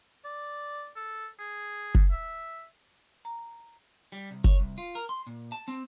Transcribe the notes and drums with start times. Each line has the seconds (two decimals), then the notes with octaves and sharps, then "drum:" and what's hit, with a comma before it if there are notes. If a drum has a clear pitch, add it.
0.25 D5
0.96 A4
1.40 G#4
1.95 drum: kick F#1
2.11 E5
3.25 A#5
4.12 G3
4.31 C2
4.44 C#5, drum: kick F#1
4.59 C2
4.78 F4
4.95 A#4
5.09 C6
5.27 A#2
5.52 A5
5.68 C4